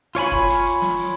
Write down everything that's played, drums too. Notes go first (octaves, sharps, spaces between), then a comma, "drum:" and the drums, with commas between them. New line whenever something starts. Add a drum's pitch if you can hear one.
F4 C#5 G#5 B5, drum: hi-hat
drum: kick F#1
drum: hi-hat
drum: hi-hat
drum: snare
drum: open hi-hat